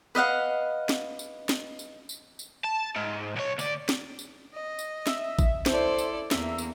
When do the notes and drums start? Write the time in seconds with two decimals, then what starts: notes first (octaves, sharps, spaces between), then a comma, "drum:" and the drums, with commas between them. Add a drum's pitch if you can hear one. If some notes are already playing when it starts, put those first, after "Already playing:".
0.15 B4 D#5 F5 F#5
0.89 drum: snare
1.19 drum: tambourine
1.49 drum: snare
1.79 drum: tambourine
2.09 drum: tambourine
2.39 drum: tambourine
2.64 A5
2.96 G#2
3.36 B1 C#5
3.59 D2 D5, drum: tambourine
3.89 drum: snare
4.19 drum: tambourine
4.54 D#5
4.79 drum: tambourine
5.07 E5, drum: snare
5.39 drum: kick G#1, tambourine
5.66 E4 A4 C5 D5, drum: snare
5.99 drum: tambourine
6.31 E2 A#3 E5, drum: snare
6.58 drum: tambourine